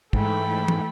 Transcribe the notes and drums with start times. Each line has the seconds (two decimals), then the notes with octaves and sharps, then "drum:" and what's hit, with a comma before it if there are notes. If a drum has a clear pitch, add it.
0.13 G#2 E3 A3 A4 G5 B5, drum: kick
0.68 drum: tom